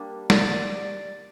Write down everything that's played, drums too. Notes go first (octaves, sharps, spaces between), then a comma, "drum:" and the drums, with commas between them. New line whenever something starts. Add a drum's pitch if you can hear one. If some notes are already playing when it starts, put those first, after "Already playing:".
Already playing: G3 A#3 D4
D5, drum: snare